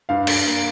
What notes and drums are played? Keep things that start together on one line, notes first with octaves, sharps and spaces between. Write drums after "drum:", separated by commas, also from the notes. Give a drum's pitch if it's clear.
G2 F5
G2, drum: cymbal
A#3